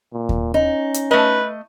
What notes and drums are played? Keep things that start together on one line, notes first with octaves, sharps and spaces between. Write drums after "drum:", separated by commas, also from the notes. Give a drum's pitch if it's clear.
A#2
drum: kick D#2
C#4 D#4
drum: hi-hat
A3 B4 D#5